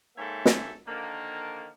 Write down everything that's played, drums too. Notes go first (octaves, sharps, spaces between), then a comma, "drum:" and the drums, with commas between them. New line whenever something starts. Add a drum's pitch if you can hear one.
G#2 A#3 A4 C#5 E5 G5
drum: snare
D3 D#3 F3 A#3